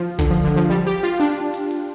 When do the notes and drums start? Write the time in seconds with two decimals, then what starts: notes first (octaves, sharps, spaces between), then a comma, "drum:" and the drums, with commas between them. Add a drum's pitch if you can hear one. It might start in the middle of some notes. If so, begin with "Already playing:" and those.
Already playing: F3
0.19 D3, drum: kick, hi-hat
0.30 F3
0.44 D3
0.56 F3
0.69 G3
0.87 G4, drum: hi-hat
1.03 F4, drum: hi-hat
1.20 D4, drum: hi-hat
1.54 drum: hi-hat
1.71 drum: open hi-hat